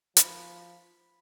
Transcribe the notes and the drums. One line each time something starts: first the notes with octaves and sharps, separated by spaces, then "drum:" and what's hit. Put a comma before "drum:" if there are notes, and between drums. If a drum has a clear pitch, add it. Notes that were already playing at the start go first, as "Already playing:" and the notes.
F3 B5, drum: hi-hat